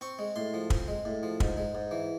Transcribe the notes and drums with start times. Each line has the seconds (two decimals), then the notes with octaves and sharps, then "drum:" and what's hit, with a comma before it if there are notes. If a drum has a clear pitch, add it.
0.01 C4 C#6
0.19 G#3
0.36 A2 C6
0.54 F3
0.70 C4, drum: kick
0.88 G#3
1.05 A2
1.23 F3
1.40 G#2, drum: kick
1.57 G#3
1.75 G#2
1.91 E3